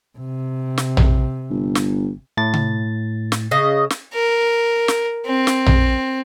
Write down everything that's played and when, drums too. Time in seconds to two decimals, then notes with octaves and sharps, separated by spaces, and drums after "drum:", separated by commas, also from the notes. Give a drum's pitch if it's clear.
0.18 C3
0.78 drum: snare
0.97 drum: tom A#1
1.50 G1
1.75 drum: snare
2.37 A2 A6
2.54 drum: tom C3
3.32 drum: snare
3.51 C#3 D#5
3.90 drum: snare
4.14 A#4
4.88 drum: snare
5.26 C4
5.47 drum: snare
5.66 drum: tom A#1